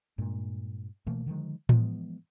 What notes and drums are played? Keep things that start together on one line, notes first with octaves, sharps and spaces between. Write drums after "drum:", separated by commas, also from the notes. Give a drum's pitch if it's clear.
G2 A#2 G#3
B2 E3 A3 A#3
D3 D#3 F3 G#3
E3 F3 G#3 B3, drum: tom A2